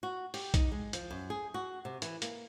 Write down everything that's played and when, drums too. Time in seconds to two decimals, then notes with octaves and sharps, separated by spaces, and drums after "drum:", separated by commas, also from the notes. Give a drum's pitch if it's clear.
0.03 F#4
0.34 G4, drum: open hi-hat
0.54 D#4, drum: kick A#1, hi-hat
0.72 G#3
0.93 F3, drum: hi-hat
1.11 F#2
1.30 G#4
1.54 F#4
1.85 C3
2.02 E3, drum: hi-hat
2.22 A#3, drum: hi-hat